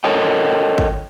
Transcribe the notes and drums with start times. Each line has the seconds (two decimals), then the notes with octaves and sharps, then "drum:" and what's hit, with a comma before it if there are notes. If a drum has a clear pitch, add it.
0.04 A4 A#4 C#5 D#5 G5
0.78 drum: kick